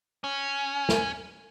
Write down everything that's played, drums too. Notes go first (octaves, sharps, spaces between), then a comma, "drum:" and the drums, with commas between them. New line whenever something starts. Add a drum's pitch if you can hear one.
C#4
drum: snare